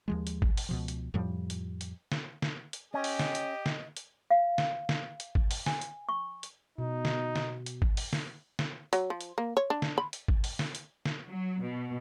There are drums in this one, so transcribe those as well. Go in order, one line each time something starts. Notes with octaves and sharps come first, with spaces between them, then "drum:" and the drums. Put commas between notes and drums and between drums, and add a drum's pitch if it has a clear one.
D#2 F3 G#3
drum: hi-hat
drum: kick G#1
drum: open hi-hat
C#2 B2 F3
drum: hi-hat
F2 A2 F3 G3
drum: hi-hat
drum: hi-hat
drum: snare
drum: snare
drum: hi-hat
C#4 G4 D#5
drum: open hi-hat
drum: snare
drum: hi-hat
drum: snare
drum: hi-hat
F5
drum: snare
drum: snare
drum: hi-hat
drum: kick G#1
drum: open hi-hat
G#5, drum: snare
drum: hi-hat
C#6
drum: hi-hat
B2 D#4
drum: snare
drum: snare
drum: hi-hat
drum: kick G#1
drum: open hi-hat
drum: snare
drum: snare
F#3, drum: hi-hat
F3
drum: hi-hat
A#3
C#5
D4
drum: snare
B5
drum: hi-hat
drum: kick G#1
drum: open hi-hat
drum: snare
drum: hi-hat
drum: snare
F#3
B2